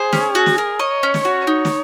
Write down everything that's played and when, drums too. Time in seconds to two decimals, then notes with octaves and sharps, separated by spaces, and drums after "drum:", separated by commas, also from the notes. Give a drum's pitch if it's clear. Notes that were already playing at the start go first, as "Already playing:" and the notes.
Already playing: G#4 C5
0.13 C#4, drum: snare
0.35 F#4
0.46 drum: snare
0.58 A#4
0.79 C#5 D#5
1.03 C#4
1.14 drum: snare
1.25 F#4
1.47 D#4 C#5
1.65 drum: snare